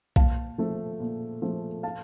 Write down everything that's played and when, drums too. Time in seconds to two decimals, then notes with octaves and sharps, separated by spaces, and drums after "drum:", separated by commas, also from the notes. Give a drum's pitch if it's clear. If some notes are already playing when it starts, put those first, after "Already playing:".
0.16 A#2 F5 A5, drum: kick B1
0.58 F3 A3
1.00 A#2
1.42 F3 A3
1.83 F5 A5